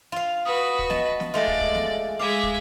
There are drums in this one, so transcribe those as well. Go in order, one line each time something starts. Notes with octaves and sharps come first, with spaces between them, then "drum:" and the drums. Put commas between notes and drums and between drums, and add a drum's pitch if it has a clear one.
F4 F5
F#4 B4 D#6
drum: kick
D#5 A5, drum: snare
drum: snare
G#3 A3 F4 D5 D#5
drum: kick
drum: kick
drum: snare
G#3 E5 F5 D6
drum: kick